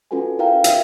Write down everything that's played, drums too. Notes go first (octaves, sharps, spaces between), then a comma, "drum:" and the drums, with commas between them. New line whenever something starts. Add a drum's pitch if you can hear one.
C#4 F4 F#4 A4 B4 G#5
E4 A#4 F5 G5 A#5
F4 E5, drum: hi-hat